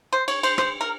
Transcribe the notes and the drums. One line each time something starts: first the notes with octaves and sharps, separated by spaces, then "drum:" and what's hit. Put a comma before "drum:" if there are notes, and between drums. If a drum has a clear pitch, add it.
C5
C#5, drum: cymbal
C5, drum: cymbal
C5, drum: rim click
A#4